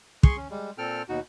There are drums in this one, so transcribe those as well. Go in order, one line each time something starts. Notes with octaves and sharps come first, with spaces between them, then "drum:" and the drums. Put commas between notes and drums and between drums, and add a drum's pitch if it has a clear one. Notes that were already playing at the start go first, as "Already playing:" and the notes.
G#4 C6 C#6, drum: kick
C#4
G3 G#3
A#2 C4 A4 G5 F6
D#2 B2 D#4 F#4